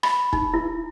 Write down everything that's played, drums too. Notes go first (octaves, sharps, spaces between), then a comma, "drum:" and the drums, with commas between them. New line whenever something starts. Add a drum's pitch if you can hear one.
B5, drum: rim click
D#4, drum: kick E1
E4